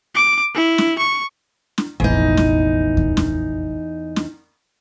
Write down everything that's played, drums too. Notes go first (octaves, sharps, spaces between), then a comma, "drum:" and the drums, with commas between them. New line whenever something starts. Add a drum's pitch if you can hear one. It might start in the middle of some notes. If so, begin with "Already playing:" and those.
D6
E4
drum: snare
C#6
drum: snare
F1 A#1 E2 D#4
drum: snare
drum: kick D#2
drum: snare
drum: snare